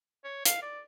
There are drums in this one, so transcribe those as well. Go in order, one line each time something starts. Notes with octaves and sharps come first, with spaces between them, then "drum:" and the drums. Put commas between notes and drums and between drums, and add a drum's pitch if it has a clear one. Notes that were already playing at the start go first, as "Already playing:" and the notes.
C#5
F5, drum: hi-hat
D5